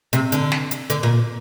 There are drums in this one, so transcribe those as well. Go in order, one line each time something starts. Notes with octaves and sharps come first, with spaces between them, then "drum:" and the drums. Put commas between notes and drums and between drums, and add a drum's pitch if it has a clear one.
C3, drum: hi-hat
D3, drum: hi-hat
drum: snare
drum: hi-hat
D3, drum: hi-hat
A#2